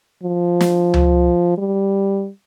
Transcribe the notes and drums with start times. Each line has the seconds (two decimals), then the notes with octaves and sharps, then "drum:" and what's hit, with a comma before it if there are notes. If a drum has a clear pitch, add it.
0.23 F3
0.61 drum: snare
0.94 drum: tom C#2
1.58 G3